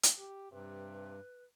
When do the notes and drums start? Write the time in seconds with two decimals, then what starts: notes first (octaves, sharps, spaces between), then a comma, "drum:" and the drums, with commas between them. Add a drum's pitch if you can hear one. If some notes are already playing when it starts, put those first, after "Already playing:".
0.03 drum: hi-hat
0.18 G4
0.52 G2 C3 B4